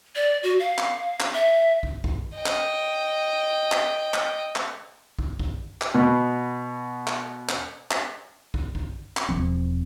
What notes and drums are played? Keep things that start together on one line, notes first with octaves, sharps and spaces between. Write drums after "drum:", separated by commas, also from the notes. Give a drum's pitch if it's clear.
D5
F#4
F5
drum: clap
drum: clap
E5
drum: kick
drum: kick
D#5 G5
drum: clap
drum: clap
drum: clap
drum: clap
drum: kick
drum: kick
drum: clap
B2 B3
drum: clap
drum: clap
drum: clap
drum: kick
drum: kick
drum: clap
E1 E2 F3 C4